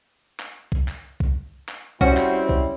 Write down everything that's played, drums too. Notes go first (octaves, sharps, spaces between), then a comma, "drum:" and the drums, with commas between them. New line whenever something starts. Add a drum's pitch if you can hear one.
drum: clap
drum: kick B1
drum: clap
drum: kick B1
drum: clap
G3 C4 C#4 E4 F#4 C5, drum: kick B1
drum: clap
drum: kick B1